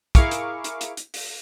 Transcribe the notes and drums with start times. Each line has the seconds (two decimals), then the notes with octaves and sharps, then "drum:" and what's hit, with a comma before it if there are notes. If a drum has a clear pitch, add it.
0.15 E4 G#4 A#4 F5 C#6 D6, drum: kick, hi-hat
0.31 drum: hi-hat
0.64 drum: hi-hat
0.81 drum: hi-hat
0.97 drum: hi-hat
1.14 drum: open hi-hat